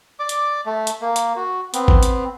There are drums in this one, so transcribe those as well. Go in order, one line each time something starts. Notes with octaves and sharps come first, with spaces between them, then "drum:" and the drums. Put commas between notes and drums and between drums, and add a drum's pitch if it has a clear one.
D5 D6
drum: hi-hat
A3
drum: hi-hat
A#3
drum: hi-hat
F#4
B3 C4, drum: hi-hat
drum: kick
drum: hi-hat